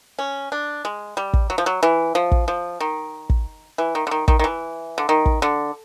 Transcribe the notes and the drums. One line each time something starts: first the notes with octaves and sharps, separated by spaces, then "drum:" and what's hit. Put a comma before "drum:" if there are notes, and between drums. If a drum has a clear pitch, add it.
C#4
D4
G#3
G3
drum: kick
F#3
F3
F#3
E3
F3
drum: kick
F3
D#3
drum: kick
E3
D#3
D3
D#3
D#3, drum: kick
D#3
E3
D3
D#3
drum: kick
D3